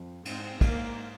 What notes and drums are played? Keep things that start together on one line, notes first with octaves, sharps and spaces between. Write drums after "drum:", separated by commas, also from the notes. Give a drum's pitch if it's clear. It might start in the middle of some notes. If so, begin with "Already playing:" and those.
Already playing: F2
G#2 C4, drum: cymbal
G#2 A#3, drum: kick, cymbal